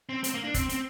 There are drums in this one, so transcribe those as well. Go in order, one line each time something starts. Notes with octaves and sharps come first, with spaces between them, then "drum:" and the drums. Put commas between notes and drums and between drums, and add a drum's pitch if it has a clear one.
C4
C4, drum: hi-hat
A#3
D4
C4, drum: kick G1, hi-hat
C4, drum: hi-hat